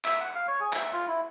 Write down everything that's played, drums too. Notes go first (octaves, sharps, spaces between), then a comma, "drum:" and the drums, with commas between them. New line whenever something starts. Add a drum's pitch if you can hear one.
E5, drum: clap
F#5
F5
C#5
G#4
E5, drum: clap
F4
E4